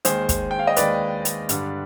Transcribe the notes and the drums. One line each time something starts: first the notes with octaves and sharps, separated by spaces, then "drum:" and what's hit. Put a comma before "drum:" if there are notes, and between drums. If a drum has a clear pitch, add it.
D#2 D#3 G#3 G#4 C5, drum: hi-hat
drum: kick, hi-hat
G5
F5
D#5
D#2 D#3 G#3 B4 D5, drum: hi-hat
drum: hi-hat
G2 D3 G3 D4, drum: hi-hat